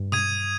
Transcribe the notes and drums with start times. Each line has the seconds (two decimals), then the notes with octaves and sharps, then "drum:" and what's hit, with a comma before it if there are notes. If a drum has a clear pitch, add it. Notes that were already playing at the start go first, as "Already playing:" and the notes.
Already playing: G2
0.12 D#6 G#6 D#7, drum: tom B2